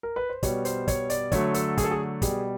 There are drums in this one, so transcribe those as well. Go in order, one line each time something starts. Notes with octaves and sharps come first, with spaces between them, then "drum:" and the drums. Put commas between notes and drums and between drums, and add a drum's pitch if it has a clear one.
A#4
B4
C5
B2 G3 C#5, drum: kick, hi-hat
C5, drum: hi-hat
C#5, drum: kick, hi-hat
D5, drum: hi-hat
D3 F#3 A3 C#5, drum: kick, hi-hat
A4, drum: hi-hat
G#4, drum: kick, hi-hat
A4
G#4
B2 G3 G#4, drum: kick, hi-hat